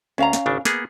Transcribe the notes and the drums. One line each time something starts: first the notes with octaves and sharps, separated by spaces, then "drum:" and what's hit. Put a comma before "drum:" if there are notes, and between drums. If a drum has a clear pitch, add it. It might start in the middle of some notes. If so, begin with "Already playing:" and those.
D2 C#4 F5 A#5
drum: snare
G#1 C#3 D4
A#3 B3 G#4, drum: snare